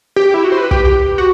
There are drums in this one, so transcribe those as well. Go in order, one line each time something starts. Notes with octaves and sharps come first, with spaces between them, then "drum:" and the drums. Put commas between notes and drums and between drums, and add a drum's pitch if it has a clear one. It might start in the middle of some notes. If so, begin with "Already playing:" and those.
G4
E4
F#4
C5
B4
G4, drum: kick
G4
F#4